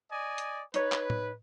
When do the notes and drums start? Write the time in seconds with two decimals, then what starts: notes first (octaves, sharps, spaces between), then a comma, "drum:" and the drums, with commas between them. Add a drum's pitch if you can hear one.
0.11 D5 D#5 G#5
0.38 drum: hi-hat
0.74 D#4 B4 C#5, drum: hi-hat
0.92 drum: clap
1.10 drum: tom A2